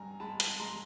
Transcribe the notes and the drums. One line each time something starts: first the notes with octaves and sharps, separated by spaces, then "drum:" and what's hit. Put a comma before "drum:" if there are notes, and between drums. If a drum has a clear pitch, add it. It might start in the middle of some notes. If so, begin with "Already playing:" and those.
Already playing: G2 G#3 G#5 A#5
G#3 A5 B5
drum: hi-hat
G#3 A#5 C6